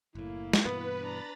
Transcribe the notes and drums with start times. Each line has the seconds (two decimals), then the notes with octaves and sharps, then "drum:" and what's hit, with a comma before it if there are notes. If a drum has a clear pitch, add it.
0.15 F#1 A2 A#3 E4
0.53 drum: snare
0.65 G2 B2 E3 B3 B4
1.01 D4 A#5 B5 A6